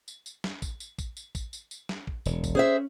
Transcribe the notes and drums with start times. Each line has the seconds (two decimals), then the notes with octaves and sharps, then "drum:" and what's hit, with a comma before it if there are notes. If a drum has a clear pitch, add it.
0.08 drum: tambourine
0.26 drum: tambourine
0.44 drum: snare
0.62 drum: kick A#1, tambourine
0.80 drum: tambourine
0.98 drum: kick A#1, tambourine
1.17 drum: tambourine
1.35 drum: kick A#1, tambourine
1.53 drum: tambourine
1.71 drum: tambourine
1.89 drum: snare
2.07 drum: kick A#1
2.26 E1, drum: tambourine
2.44 drum: kick A#1, tambourine
2.55 C#4 G#4 C5 E5